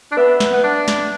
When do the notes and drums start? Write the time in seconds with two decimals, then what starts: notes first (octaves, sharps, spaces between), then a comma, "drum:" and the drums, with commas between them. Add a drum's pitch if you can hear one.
0.12 D4
0.17 B3 B4 E5
0.40 drum: snare
0.53 B3
0.63 D4
0.88 drum: snare